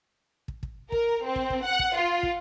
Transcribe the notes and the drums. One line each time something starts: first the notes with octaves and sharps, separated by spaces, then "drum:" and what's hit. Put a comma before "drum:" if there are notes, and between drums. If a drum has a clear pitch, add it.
drum: kick
drum: kick
A#4, drum: kick
C4
drum: kick
drum: kick
F#5
drum: kick
F4
drum: kick